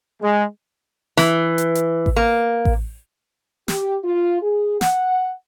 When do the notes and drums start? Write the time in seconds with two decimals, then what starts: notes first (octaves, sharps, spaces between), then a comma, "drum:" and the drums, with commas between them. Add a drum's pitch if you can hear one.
0.21 G#3
1.17 E3, drum: snare
1.58 drum: hi-hat
1.75 drum: hi-hat
2.06 drum: kick A1
2.16 A#3
2.65 drum: kick A1
3.68 G4, drum: snare
4.04 F4
4.42 G#4
4.81 F#5, drum: snare